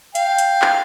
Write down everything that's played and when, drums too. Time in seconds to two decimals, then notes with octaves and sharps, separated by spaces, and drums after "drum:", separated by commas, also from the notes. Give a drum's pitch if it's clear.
0.15 F5 G5, drum: hi-hat
0.38 drum: hi-hat
0.62 drum: clap